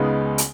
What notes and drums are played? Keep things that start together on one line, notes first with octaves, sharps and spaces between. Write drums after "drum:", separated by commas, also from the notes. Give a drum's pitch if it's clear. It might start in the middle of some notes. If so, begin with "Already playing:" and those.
Already playing: C#2 C#3 G#3 B3 D#4
drum: hi-hat